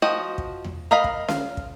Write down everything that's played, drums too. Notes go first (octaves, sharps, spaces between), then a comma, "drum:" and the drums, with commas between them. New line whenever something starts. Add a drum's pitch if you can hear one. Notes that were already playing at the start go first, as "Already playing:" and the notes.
F3 F#4 D#5 G5
drum: kick
drum: tom E2
A#4 D#5 F5 A#5 B5
drum: kick
F5, drum: snare C#4
drum: kick